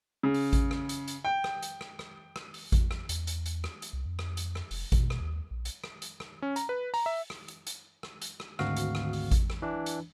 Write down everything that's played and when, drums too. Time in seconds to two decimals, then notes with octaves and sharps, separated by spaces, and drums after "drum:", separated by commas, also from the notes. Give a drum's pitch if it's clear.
0.23 C#3
0.34 drum: open hi-hat
0.53 drum: kick A1, hi-hat
0.71 drum: rim click
0.89 drum: hi-hat
1.08 drum: hi-hat
1.25 G5
1.44 drum: rim click
1.62 drum: hi-hat
1.81 drum: rim click
1.99 drum: rim click
2.36 drum: rim click
2.54 drum: open hi-hat
2.72 drum: kick A1, hi-hat
2.91 drum: rim click
3.09 E2, drum: hi-hat
3.27 drum: hi-hat
3.46 drum: hi-hat
3.64 drum: rim click
3.82 drum: hi-hat
3.93 C2
4.06 F2
4.19 drum: rim click
4.37 drum: hi-hat
4.55 drum: rim click
4.71 F1, drum: open hi-hat
4.92 B2, drum: kick A1, hi-hat
5.10 drum: rim click
5.20 D#2
5.51 A#1
5.65 drum: hi-hat
5.84 drum: rim click
6.02 drum: hi-hat
6.20 drum: rim click
6.42 C#4
6.56 A#5, drum: hi-hat
6.69 B4
6.94 A#5, drum: open hi-hat
7.06 E5
7.30 drum: rim click
7.48 drum: hi-hat
7.67 drum: hi-hat
8.03 drum: rim click
8.22 drum: hi-hat
8.40 drum: rim click
8.59 G#1 D2 F#4 F5, drum: rim click
8.76 drum: hi-hat
8.95 drum: rim click
9.13 drum: open hi-hat
9.31 drum: kick A1, hi-hat
9.50 drum: rim click
9.62 E3 D4
9.86 drum: hi-hat